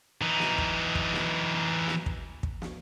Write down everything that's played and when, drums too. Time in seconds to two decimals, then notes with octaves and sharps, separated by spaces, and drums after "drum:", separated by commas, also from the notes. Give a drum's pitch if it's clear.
0.21 E3 D#4
0.40 drum: snare
0.58 drum: kick
0.95 drum: kick
1.14 drum: snare
1.88 drum: snare
2.06 drum: kick
2.43 drum: kick
2.62 drum: snare